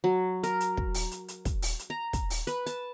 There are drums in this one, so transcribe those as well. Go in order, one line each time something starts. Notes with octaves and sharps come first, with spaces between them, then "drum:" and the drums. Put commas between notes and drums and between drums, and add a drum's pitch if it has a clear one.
F#3
A#4, drum: hi-hat
drum: hi-hat
drum: kick
drum: open hi-hat
drum: hi-hat
drum: hi-hat
drum: kick, hi-hat
drum: open hi-hat
drum: hi-hat
A#5
drum: kick, hi-hat
drum: open hi-hat
B4, drum: hi-hat
A5, drum: hi-hat